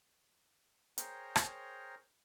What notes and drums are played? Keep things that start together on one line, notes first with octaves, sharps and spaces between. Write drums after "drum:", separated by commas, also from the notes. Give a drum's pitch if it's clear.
G#4 A#4 C5 C#5 G5 A#5, drum: hi-hat
drum: rim click